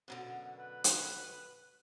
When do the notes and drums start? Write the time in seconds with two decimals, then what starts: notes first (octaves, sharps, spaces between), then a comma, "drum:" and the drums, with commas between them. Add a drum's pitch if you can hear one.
0.08 F#2 B2 D3
0.59 B4
0.84 drum: hi-hat